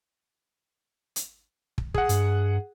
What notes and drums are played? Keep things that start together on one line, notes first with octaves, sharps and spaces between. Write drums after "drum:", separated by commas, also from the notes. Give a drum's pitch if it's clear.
drum: hi-hat
drum: kick
G#4 F#5, drum: kick
G2, drum: hi-hat